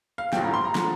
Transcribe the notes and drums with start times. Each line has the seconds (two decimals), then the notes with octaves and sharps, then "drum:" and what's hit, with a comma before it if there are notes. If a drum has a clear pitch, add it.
0.18 F5
0.33 A1 G2 F3 G5, drum: snare
0.44 A#5
0.54 C6
0.65 A#5
0.75 D3 F3 A#5, drum: snare